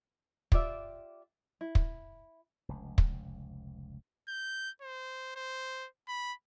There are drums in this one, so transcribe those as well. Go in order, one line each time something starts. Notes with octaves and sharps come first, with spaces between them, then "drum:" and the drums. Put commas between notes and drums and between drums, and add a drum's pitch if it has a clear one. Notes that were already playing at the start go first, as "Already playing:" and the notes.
F4 G4 D5 E5, drum: kick
E4
drum: kick
F1 C#2
drum: kick
G6
C5
C5
B5